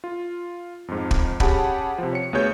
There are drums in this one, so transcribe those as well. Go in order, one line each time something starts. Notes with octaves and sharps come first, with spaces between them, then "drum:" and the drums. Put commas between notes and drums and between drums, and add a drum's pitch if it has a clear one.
F4
F2 G#2
drum: kick
C#4 G4 G#4 F#5 A5 B5, drum: kick
C3 F3
C#5 C#7
D2 B3 F#4 G#4 C#5 G6